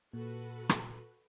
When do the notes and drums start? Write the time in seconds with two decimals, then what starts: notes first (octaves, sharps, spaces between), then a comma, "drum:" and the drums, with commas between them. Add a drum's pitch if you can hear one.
0.13 A#2 F#4 A4 B4
0.69 drum: rim click